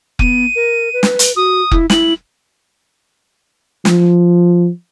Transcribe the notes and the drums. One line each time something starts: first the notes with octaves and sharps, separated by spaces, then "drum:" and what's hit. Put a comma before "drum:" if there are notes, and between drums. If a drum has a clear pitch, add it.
B3 D#7, drum: kick F1
A#4
B4
drum: snare
drum: hi-hat
F#4 D#6
E4, drum: kick F1
E4 F#7, drum: snare
F3, drum: snare